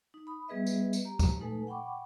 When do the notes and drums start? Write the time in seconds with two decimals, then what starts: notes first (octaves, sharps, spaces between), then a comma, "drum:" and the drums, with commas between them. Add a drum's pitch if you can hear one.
0.14 D#4
0.27 B5 D#6
0.48 G3 B3 G#4 B4 D#5 E5
0.67 drum: tambourine
0.93 drum: tambourine
1.05 G4 A#5
1.19 drum: kick, tambourine
1.40 G#3 A3 D#4 A4 B4 G#5
1.67 F#5 G5 B5 C#6 D6